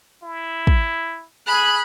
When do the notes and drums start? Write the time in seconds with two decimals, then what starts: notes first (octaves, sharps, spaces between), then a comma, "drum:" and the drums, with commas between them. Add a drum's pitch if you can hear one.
0.23 E4
0.67 drum: kick
1.47 G#4 B5 F#6